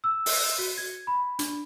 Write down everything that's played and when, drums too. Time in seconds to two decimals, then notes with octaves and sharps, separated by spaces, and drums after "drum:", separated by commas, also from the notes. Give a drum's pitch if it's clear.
0.04 E6
0.26 drum: open hi-hat
0.58 F#4
0.77 G#6
1.07 B5
1.39 D4, drum: hi-hat